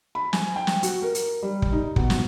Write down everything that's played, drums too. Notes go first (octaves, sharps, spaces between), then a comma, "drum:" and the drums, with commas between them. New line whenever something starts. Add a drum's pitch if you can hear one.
B5
G#5, drum: snare
G5
drum: snare
F#4, drum: hi-hat
A#4
drum: hi-hat
G3
drum: kick
D#4
B2, drum: kick
drum: snare